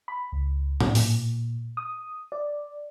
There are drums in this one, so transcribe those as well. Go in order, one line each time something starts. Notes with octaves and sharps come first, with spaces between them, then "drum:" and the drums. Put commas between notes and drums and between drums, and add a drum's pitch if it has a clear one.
B5
C#2
drum: tom A2
A#2, drum: open hi-hat
D#6
D5